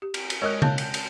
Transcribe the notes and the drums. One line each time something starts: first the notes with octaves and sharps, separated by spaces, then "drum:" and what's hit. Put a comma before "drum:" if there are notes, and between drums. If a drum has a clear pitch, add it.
G4
drum: cymbal
drum: cymbal
G#3 A#4 C#5 D#5 F#6
C#5 F5 A5 G6, drum: tom C#3
drum: cymbal
drum: cymbal